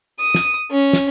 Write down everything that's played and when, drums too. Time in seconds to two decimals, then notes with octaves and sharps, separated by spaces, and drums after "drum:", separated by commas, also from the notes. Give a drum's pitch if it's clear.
0.20 D#6
0.35 drum: snare
0.71 C#4
0.93 drum: snare